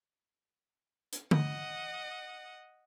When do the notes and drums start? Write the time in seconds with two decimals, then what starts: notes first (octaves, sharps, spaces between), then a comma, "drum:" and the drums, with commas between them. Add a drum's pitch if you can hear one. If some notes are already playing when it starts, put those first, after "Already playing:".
1.13 drum: hi-hat
1.31 D#5 F#5, drum: tom D3